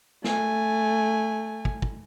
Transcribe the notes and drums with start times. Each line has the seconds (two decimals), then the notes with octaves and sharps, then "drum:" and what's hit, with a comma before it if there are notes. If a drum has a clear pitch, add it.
0.24 A3 G#5, drum: snare
1.65 drum: kick
1.82 drum: kick